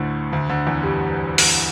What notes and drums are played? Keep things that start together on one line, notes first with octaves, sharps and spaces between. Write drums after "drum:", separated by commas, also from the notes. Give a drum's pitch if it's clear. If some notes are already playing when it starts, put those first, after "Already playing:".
Already playing: D2 A2 D3 A3
D2 D3
D2 D3
E2 E3
G2 G3
drum: open hi-hat